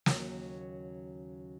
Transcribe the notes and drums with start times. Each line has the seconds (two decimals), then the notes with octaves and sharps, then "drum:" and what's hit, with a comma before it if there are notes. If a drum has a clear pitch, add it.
0.06 D#2 C#3 F#3, drum: snare